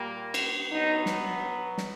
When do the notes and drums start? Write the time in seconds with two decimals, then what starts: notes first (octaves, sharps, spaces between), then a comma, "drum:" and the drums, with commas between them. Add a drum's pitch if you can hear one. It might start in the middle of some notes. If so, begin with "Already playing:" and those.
Already playing: A#2 G3 A#3
0.34 drum: cymbal
0.70 B2 F#3 B3 D#4
1.06 drum: snare
1.78 drum: snare